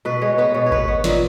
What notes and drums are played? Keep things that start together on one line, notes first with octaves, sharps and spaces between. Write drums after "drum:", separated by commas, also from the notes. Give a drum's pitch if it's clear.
B2 B4
G#3 C#5
B3 B4
B2 C#5
C#5
B3 B4, drum: kick G#1
B3
A#2, drum: snare